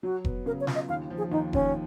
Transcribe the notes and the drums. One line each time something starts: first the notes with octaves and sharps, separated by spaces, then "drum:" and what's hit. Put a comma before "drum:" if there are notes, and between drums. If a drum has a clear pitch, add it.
F#3 F#4
B3, drum: kick F1
C#3 A#4
C#5
F4, drum: snare
D#5
D#2 F5
F3
G#4
D#2 D#4
D#2 C#4, drum: kick F1